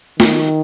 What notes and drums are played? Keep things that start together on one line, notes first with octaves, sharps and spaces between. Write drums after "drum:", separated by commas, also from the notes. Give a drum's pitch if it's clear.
D#3, drum: snare